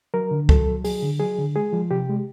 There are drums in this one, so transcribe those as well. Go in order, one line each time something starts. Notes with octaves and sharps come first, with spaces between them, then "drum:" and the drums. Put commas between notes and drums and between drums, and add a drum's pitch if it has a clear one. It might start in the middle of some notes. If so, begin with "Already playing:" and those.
F#3 A#4
D3
F#3 A4, drum: kick C#2
F#3
F#3 G#4, drum: open hi-hat
D3
F#3 G#4
D3
G#3 G#4
F3
C3 G4
G#3